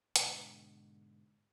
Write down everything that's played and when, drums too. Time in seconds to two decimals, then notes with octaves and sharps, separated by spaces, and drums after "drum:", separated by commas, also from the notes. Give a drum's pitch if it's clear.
0.16 G#2 B2 D3, drum: hi-hat